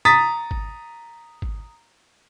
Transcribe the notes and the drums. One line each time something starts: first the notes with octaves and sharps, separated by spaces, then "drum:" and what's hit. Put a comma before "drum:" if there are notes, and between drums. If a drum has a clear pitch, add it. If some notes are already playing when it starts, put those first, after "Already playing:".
A#5 D#6 A6 B6
drum: kick G#1
drum: kick G#1